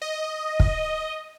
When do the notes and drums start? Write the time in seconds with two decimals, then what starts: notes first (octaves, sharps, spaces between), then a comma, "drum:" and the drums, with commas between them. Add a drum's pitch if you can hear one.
0.02 D#5
0.60 drum: kick